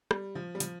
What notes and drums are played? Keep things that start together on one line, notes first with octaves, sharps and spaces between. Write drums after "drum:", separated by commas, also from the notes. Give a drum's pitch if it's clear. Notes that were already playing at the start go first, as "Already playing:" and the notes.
G3, drum: rim click
F3
G3
F3, drum: hi-hat